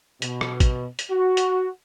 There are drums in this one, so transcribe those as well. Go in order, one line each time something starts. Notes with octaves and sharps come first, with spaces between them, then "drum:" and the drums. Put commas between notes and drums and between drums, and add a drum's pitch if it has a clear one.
B2, drum: hi-hat
drum: rim click
drum: kick A1, hi-hat
drum: hi-hat
F#4
drum: hi-hat